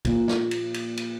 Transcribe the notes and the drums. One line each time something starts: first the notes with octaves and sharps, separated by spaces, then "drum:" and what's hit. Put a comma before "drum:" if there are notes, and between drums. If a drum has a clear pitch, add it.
A#2, drum: kick, cymbal
drum: snare
drum: cymbal
drum: cymbal
drum: cymbal